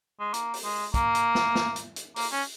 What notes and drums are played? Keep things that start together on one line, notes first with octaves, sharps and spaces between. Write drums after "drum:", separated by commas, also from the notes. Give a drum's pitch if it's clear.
G#3
A#3, drum: hi-hat
drum: open hi-hat
G#3
A#3, drum: kick, hi-hat
drum: hi-hat
drum: snare
drum: snare
drum: hi-hat
drum: hi-hat
A#3, drum: open hi-hat
C#4